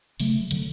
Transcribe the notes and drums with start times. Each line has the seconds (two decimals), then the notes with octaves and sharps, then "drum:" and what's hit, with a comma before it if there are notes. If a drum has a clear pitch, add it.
0.20 C#3 F#3 A3, drum: open hi-hat
0.51 D3 F#3, drum: hi-hat